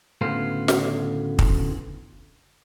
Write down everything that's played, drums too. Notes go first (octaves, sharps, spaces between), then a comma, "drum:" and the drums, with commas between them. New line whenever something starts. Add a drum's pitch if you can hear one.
D2 A2 C#3 B3 C5 F5
drum: snare
drum: kick